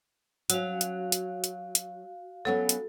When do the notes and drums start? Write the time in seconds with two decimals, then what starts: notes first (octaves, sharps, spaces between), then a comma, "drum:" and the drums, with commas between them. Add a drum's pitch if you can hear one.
0.50 F#3 C#4 F#4 F5, drum: hi-hat
0.81 drum: hi-hat
1.12 drum: hi-hat
1.44 drum: hi-hat
1.75 drum: hi-hat
2.45 F#3 B3 C#4 A4
2.69 drum: hi-hat